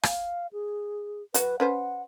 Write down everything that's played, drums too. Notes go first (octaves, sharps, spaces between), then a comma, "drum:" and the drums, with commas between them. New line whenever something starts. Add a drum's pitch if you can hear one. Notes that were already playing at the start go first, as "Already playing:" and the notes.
F5, drum: rim click
G#4
F#3 F#4 B4, drum: hi-hat
C#4 B4 C5 F#5